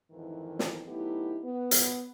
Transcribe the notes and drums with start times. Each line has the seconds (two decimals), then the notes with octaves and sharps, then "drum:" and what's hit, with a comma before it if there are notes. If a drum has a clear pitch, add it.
0.11 F2 G#2 D#3 E3
0.59 drum: snare
0.87 F#3 A3 B3 D#4 E4 G4
1.44 B3
1.71 drum: hi-hat